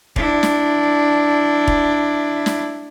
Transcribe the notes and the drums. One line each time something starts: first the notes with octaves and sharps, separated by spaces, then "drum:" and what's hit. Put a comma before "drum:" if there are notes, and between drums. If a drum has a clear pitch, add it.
D4 E4, drum: kick E1
drum: snare
drum: kick E1
drum: snare